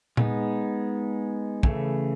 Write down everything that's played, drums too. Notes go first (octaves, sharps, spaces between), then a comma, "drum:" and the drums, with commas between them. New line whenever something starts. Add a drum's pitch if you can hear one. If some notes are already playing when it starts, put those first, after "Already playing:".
G#3 B3 D#4, drum: tom
C#3 E3 A3 C#4, drum: kick